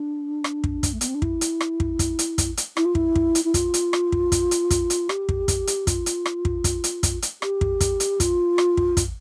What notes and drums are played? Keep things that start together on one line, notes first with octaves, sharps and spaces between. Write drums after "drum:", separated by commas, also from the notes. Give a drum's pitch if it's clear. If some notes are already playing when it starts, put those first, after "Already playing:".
Already playing: D4
drum: rim click
drum: kick
drum: kick, hi-hat
A3
B3, drum: hi-hat
C4
D4
E4, drum: kick
drum: hi-hat
drum: rim click
drum: kick
drum: kick, hi-hat
drum: hi-hat
drum: kick, hi-hat
drum: hi-hat
E4, drum: rim click
F4
E4, drum: kick
drum: kick
drum: hi-hat
E4
F4, drum: kick, hi-hat
drum: hi-hat
drum: rim click
drum: kick
drum: kick, hi-hat
drum: hi-hat
drum: kick, hi-hat
drum: hi-hat
G4, drum: rim click
drum: kick
drum: kick, hi-hat
drum: hi-hat
F4, drum: kick, hi-hat
drum: hi-hat
drum: rim click
drum: kick
drum: kick, hi-hat
drum: hi-hat
drum: kick, hi-hat
drum: hi-hat
G4, drum: rim click
drum: kick
drum: kick, hi-hat
drum: hi-hat
F4, drum: kick, hi-hat
drum: rim click
drum: kick
drum: kick, hi-hat